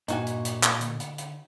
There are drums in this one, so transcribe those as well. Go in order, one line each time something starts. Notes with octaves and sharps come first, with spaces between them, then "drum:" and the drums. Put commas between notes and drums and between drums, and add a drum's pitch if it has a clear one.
G2 A#2 D#4 F#4 G#5, drum: hi-hat
drum: hi-hat
drum: hi-hat
drum: clap
D3, drum: hi-hat
drum: hi-hat
drum: hi-hat